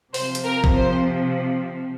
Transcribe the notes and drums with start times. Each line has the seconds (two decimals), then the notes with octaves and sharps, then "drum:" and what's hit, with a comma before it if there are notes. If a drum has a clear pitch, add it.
0.14 C3 F3 C5, drum: open hi-hat
0.35 drum: hi-hat
0.44 A#4
0.64 drum: kick A1
0.75 C5